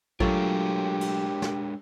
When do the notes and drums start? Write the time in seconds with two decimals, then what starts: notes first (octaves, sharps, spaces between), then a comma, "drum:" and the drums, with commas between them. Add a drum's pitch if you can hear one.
0.20 F#3 G#3 A3 D4 F4 G4 A#4, drum: kick A1
1.01 drum: cymbal
1.42 drum: snare